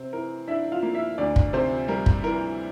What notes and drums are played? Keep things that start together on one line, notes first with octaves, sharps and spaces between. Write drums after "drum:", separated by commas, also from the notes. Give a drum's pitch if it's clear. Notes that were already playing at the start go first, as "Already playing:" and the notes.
Already playing: C3 C4
E3 A#4
D4 E4 E5
F4 F5
A#3
E4 E5
D2 D4 D5
drum: kick
C3 C4 C5
G3 A#4
drum: kick
E3 A#4